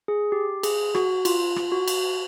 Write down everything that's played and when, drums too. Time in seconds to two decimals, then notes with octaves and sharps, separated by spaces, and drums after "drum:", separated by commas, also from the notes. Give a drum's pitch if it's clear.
0.08 G#4
0.32 G4
0.63 G#4, drum: cymbal
0.95 F#4, drum: rim click
1.25 F4, drum: cymbal
1.56 drum: rim click
1.72 F#4
1.87 drum: cymbal